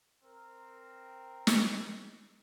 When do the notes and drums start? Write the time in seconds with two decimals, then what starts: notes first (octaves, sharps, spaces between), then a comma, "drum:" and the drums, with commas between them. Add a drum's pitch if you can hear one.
0.23 C4 A#4
1.47 drum: snare